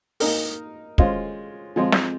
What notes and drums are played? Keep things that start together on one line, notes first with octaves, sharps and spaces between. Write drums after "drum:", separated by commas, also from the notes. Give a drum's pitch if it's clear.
A#3 D#4 A#4, drum: open hi-hat
G#3 C#4 F4 C5, drum: kick
F3 G#3 C4 F4
drum: snare